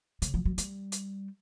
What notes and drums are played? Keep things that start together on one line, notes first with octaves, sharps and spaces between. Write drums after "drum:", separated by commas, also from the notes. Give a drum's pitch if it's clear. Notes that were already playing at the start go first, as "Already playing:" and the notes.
C#3, drum: hi-hat
F3
F#3
G3, drum: hi-hat
drum: hi-hat